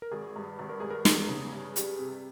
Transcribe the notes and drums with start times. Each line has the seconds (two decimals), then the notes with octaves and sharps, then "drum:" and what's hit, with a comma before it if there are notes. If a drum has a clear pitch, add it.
0.02 A#4
0.12 G#1 G#4
0.36 G2
0.59 G#1
0.69 A#4
0.80 G2 G#4
0.90 A#4
1.05 E2 G#4, drum: snare
1.28 C#3
1.53 G2
1.76 G3, drum: hi-hat
1.99 C3